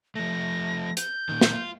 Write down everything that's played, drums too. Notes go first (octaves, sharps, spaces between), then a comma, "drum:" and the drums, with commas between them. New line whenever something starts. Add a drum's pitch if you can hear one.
F3 A3 A#6
G6, drum: hi-hat
A#2 D#3
drum: snare
F4